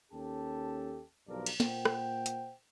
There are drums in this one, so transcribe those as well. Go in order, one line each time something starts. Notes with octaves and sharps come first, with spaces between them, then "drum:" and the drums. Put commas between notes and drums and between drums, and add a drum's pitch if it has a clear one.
D#2 C#4 G4 A4 A5
B1 G2 D3 F3 A#4 D5
drum: cymbal
A#2 C5 F#5 G5, drum: snare
drum: rim click
drum: hi-hat